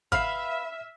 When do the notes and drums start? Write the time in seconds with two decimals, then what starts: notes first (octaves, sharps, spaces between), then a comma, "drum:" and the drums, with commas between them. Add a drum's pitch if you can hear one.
0.12 B4 E5 F5 F6 C7, drum: kick G#1